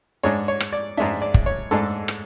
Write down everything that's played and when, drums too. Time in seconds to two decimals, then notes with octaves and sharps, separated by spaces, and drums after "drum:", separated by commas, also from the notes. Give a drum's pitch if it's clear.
0.23 G#2 G#3 D4 C#5
0.48 C#5
0.60 drum: rim click
0.73 D5
0.97 G#2 G#3 D4 E5
1.22 D5
1.34 drum: kick
1.46 C#5
1.71 G#2 G#3 D4 A4
2.08 drum: rim click